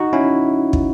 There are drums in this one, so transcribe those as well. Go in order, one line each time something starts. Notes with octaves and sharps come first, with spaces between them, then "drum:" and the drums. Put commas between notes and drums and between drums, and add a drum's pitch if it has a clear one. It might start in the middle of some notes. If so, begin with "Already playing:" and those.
Already playing: D#4 F#4
C#4 E4
drum: kick